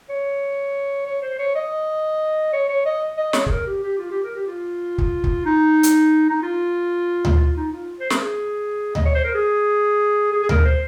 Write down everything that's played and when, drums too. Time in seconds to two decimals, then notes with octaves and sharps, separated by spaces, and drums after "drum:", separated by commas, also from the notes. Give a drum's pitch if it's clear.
0.09 C#5
1.06 C#5
1.22 C5
1.39 C#5
1.55 D#5
2.53 C#5
2.69 C#5
2.85 D#5
3.17 D#5
3.33 C#5, drum: snare
3.46 G#4, drum: kick
3.50 A#4
3.66 G4
3.83 G4
3.99 F4
4.11 G4
4.23 A#4
4.36 G4
4.47 F4
4.98 drum: kick
5.24 drum: kick
5.45 D#4
5.83 drum: hi-hat
6.30 D#4
6.43 F4
7.25 drum: tom D2
7.40 F4
7.57 D#4
7.73 F4
8.00 C5
8.10 A#4, drum: snare
8.21 G#4
8.95 D#5, drum: tom D2
9.06 C#5
9.15 C5
9.24 A#4
9.35 G#4
10.32 G#4
10.43 G#4
10.49 A#4, drum: tom D2
10.65 C5